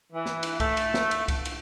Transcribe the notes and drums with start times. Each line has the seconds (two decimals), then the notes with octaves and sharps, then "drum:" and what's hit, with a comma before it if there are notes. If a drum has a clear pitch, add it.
0.13 E3
0.26 drum: snare
0.43 drum: cymbal
0.60 A3, drum: kick C2, cymbal
0.77 drum: cymbal
0.94 drum: snare
1.11 drum: cymbal
1.28 drum: kick C2, cymbal
1.45 drum: cymbal